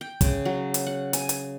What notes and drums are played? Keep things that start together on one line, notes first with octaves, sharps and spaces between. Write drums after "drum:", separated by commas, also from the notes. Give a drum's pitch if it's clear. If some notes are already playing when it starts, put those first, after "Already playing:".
G5
C#3, drum: kick, hi-hat
F#3
drum: hi-hat
F#5
G#5, drum: hi-hat
drum: hi-hat